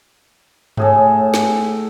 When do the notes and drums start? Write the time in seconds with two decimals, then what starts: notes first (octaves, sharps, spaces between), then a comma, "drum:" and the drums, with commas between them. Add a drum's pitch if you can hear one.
0.77 A2 G#4 A4, drum: tom G2
1.34 drum: snare